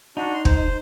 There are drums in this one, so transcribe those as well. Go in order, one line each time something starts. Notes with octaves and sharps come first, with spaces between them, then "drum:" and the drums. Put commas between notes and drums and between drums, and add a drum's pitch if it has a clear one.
D4 D#4 F#4
C6
C5, drum: kick